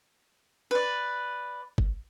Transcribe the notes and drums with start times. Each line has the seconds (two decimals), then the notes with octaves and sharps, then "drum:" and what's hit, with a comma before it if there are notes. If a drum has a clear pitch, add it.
0.71 B4 D5
1.78 drum: kick